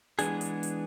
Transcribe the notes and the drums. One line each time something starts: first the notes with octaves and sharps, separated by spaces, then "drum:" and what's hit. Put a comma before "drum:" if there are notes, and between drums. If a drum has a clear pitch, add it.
E3 G#3 B3 D4 G#4, drum: hi-hat
drum: hi-hat
drum: hi-hat